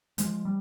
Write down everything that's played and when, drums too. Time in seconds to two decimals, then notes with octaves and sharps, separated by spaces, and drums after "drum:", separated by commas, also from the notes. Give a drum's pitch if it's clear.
0.18 F3 G#3, drum: hi-hat
0.45 G3